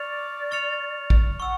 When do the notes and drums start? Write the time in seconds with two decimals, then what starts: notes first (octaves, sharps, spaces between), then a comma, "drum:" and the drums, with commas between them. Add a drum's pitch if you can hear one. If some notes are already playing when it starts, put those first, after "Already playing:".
Already playing: D5 C#6 F6 A6 C#7 F7
0.51 C#6 F6 A6 C#7 F7
1.10 drum: kick A1
1.40 F#5 C#6 E6